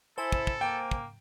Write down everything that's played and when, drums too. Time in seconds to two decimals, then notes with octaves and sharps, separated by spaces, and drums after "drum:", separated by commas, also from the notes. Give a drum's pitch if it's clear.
0.18 E4 A4 C5 G#5
0.32 drum: kick
0.47 drum: kick
0.61 A#3 G5
0.91 drum: kick